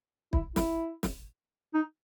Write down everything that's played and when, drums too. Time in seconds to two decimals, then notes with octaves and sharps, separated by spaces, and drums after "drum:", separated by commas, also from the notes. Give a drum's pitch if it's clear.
0.33 E4, drum: kick
0.56 E4, drum: snare
1.03 drum: snare
1.74 D#4